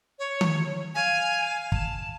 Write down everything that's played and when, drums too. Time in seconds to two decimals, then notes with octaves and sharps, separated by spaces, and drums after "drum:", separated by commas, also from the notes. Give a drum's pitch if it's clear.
0.19 C#5
0.41 drum: tom D#3
0.95 F5 G#5
1.72 A5, drum: kick